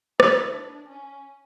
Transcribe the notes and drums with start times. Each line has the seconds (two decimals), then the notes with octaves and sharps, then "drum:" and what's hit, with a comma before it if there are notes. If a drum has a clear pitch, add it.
0.20 E4, drum: rim click
0.54 D4
0.88 C#4